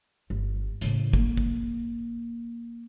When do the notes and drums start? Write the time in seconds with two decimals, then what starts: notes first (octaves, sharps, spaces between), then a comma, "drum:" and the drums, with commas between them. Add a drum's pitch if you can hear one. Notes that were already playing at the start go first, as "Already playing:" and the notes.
0.30 G1
0.81 A2 C#3, drum: hi-hat
1.13 A#3, drum: kick
1.37 drum: kick